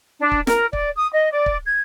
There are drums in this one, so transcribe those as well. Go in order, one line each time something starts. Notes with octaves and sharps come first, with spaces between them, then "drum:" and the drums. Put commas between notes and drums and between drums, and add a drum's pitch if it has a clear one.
D4
drum: kick
A#4, drum: snare
D5, drum: kick
D#6
D#5
D5
drum: kick
G#6